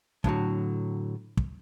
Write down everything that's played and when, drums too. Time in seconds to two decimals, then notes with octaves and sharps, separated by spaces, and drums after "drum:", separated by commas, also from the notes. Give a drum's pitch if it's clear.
0.24 A2 D3 F3 F#3, drum: kick
1.37 drum: kick